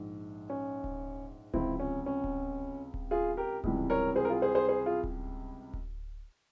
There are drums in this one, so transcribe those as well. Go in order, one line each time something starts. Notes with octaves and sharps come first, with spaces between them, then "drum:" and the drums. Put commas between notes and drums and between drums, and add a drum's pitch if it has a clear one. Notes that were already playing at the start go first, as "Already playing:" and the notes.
Already playing: A#1 G#2
C#4
drum: kick D1
C#2 C3 F3 C4 E4, drum: kick D1
C#4
C#4
drum: kick D1
drum: kick D1
F4 G#4
G4 A#4
C#2 C3 E3 G3, drum: kick D1
A#4 C#5
G#4 C5
A#4
F4 G#4
G#4 C5
G#4 C5
G#4 C5
F4 G#4
drum: kick D1
drum: kick D1